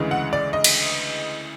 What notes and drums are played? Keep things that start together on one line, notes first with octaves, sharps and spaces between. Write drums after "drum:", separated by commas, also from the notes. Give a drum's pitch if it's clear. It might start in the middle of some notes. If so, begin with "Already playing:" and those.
Already playing: D2 C#3 E3 G#3
F#5
D5
D#5
drum: cymbal